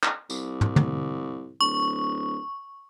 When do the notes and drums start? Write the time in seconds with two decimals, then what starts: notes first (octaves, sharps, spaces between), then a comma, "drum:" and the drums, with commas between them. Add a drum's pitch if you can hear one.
0.03 drum: clap
0.30 C2, drum: tambourine
0.61 drum: tom
0.76 drum: tom D3
1.61 D1 C#6